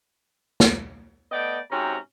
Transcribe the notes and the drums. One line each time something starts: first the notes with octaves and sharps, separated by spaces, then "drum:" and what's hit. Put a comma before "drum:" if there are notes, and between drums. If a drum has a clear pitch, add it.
drum: snare
A3 B3 D5 D#5 G5
G#2 C3 C#4 F#4 G5 A#5